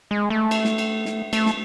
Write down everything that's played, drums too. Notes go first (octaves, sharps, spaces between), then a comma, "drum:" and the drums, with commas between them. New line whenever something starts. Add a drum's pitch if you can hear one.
G#3
A3
drum: cymbal
drum: snare
drum: cymbal
drum: snare
A3, drum: cymbal
drum: snare